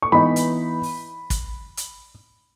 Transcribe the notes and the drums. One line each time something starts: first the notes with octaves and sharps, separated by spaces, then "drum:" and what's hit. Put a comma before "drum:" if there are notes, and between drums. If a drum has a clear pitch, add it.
C#6
E3 B3 D#4 B5
drum: hi-hat
drum: open hi-hat
drum: kick, hi-hat
drum: hi-hat